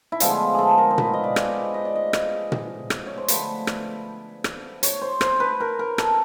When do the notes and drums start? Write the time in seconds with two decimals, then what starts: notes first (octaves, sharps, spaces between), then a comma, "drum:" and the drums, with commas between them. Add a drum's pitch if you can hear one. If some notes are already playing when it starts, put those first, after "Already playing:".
0.12 E4
0.20 D3 F3 G#3 B3 F4, drum: hi-hat
0.54 G#4 A4
0.78 A#4
0.91 C5
0.98 B4, drum: tom A#2
1.13 D#5
1.24 D5
1.36 drum: rim click
1.48 D#5
1.74 D#5
1.85 D5
1.96 D#5
2.13 drum: rim click
2.52 drum: tom A#2
2.90 drum: rim click
3.07 C#5
3.18 C5
3.28 D3 F3 A3 B4, drum: hi-hat
3.67 drum: rim click
4.44 drum: rim click
4.83 C#5, drum: hi-hat
5.02 C5
5.21 C5, drum: rim click
5.40 B4
5.60 A#4
5.79 A#4
5.98 A4, drum: rim click